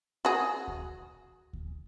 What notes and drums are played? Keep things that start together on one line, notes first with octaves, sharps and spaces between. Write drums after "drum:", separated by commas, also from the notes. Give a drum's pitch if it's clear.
F#4 G#4
drum: kick D2
drum: kick D2